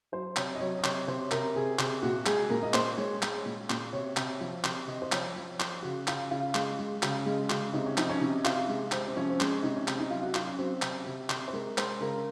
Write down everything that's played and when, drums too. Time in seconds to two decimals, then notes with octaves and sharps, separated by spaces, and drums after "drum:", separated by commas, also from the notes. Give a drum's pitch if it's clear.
0.12 F#3 C5
0.36 C3 C#5, drum: clap
0.55 D#5
0.60 F#3 C#5
0.79 D#5
0.84 C3 C#5, drum: clap
1.07 C3 C5
1.31 C3 A#4, drum: clap
1.55 C3 G#4
1.79 C3, drum: clap
2.03 A#2 F#4
2.26 G#3 G#4, drum: clap
2.50 A#2 A#4
2.63 D#5
2.74 A#2 C5, drum: clap
2.97 G#3 C#5
3.22 G#3, drum: clap
3.46 A#2
3.70 A#2, drum: clap
3.92 C3 C#5
4.17 C3, drum: clap
4.41 F3
4.64 C3, drum: clap
4.87 C3 D#5
5.02 C5
5.12 F3 C#5, drum: clap
5.36 F3
5.60 F3, drum: clap
5.83 C#3 F#4
6.07 C#3 F4, drum: clap
6.31 C#3 F4
6.55 G#3, drum: clap
6.79 G#3
7.03 C#3, drum: clap
7.26 G#3
7.50 C#3, drum: clap
7.73 C3 D#4
7.86 C#4
7.97 F3 D#4, drum: clap
8.09 C#4
8.20 C3 D#4
8.45 C3 F4, drum: clap
8.69 G#3
8.92 C3 C4, drum: clap
9.08 C4
9.16 F3 C#4
9.30 C4
9.40 G#3 C#4, drum: clap
9.63 C3 D#4
9.76 C#4
9.88 C3 C#4, drum: clap
10.00 D#4
10.10 F#3 F4
10.23 F#4
10.34 F#3 F4, drum: clap
10.47 C#4
10.58 F#3 C4
10.82 C3, drum: clap
11.06 C3
11.30 C3, drum: clap
11.48 C5
11.53 G#3 A#4
11.78 G#3 C5, drum: clap
12.01 C#3 A#4